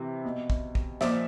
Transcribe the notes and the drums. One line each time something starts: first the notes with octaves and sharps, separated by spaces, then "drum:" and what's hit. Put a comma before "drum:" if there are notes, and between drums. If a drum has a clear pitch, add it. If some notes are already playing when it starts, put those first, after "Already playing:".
Already playing: C3 E3
B2
drum: kick
drum: kick
A#2 F3 D5 E5, drum: snare